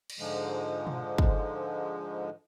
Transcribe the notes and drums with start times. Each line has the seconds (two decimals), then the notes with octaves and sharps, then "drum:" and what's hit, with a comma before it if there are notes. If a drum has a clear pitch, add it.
0.10 drum: cymbal
0.19 G#2 D3 F3 G#3
0.87 drum: tom
1.18 drum: kick